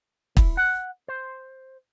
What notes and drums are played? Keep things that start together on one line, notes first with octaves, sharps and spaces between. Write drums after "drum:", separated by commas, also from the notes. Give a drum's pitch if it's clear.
E4, drum: kick
F#5
C5